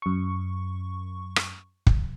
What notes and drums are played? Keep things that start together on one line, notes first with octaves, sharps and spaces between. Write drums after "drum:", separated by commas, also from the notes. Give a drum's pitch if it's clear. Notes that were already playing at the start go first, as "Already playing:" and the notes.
F#2 C#6
drum: rim click
drum: kick